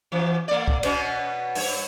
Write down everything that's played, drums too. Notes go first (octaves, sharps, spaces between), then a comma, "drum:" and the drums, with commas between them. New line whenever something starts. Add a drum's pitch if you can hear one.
F#2 E3
A3 D5
drum: kick C2
B2 B3 C#4, drum: cymbal
G2 C#5, drum: open hi-hat